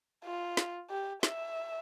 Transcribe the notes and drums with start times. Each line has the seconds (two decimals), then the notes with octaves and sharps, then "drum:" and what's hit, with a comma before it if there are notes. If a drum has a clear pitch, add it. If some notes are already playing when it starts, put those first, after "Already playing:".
0.25 F4
0.57 drum: snare
0.90 G4
1.23 E5, drum: snare